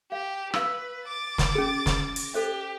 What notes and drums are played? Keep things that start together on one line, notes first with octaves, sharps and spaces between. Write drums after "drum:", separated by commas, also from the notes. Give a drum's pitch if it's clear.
G4 F5
B4 F5 E6, drum: rim click
D6 A6
drum: snare
C#4 G#4
drum: snare
drum: open hi-hat
G4 A4 C5 D#5